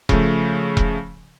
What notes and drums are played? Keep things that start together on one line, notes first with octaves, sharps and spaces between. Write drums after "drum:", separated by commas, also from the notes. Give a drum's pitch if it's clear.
C#3 F3 A3, drum: kick E1
drum: kick E1